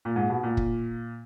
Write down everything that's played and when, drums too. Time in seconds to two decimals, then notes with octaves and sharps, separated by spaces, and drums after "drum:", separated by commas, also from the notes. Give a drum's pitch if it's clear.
0.05 A#2
0.16 G#2
0.30 B2
0.43 A#2
0.57 drum: kick